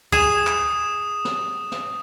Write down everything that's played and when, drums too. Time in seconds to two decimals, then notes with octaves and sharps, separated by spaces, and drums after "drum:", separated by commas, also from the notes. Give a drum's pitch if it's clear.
0.12 G#4 D#6 E7, drum: kick C2
0.47 drum: clap
1.25 drum: snare
1.72 drum: snare